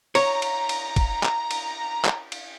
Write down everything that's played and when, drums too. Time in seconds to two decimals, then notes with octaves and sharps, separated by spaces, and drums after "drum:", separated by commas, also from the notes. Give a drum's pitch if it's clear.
0.15 C#5 A#5, drum: cymbal
0.42 drum: cymbal
0.69 drum: cymbal
0.96 drum: kick, cymbal
1.24 drum: clap
1.51 drum: cymbal
2.05 drum: clap
2.32 drum: cymbal